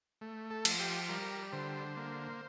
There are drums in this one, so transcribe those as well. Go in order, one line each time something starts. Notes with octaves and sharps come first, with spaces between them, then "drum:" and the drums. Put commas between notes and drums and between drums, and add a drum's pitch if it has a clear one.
A3
A4
F3, drum: cymbal
G4
G3 A#4
D3 C5
A#3